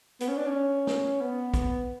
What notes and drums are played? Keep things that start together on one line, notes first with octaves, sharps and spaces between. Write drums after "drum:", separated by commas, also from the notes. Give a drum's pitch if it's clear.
B3, drum: hi-hat
C#4
D4
C#4
drum: snare
B3
drum: kick, hi-hat